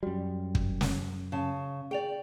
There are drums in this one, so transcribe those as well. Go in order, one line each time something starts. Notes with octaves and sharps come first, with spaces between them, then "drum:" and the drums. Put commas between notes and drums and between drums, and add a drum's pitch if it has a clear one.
F#2 G3 F#4
drum: kick
drum: snare
C#3 A5
G#4 D5 G5 F7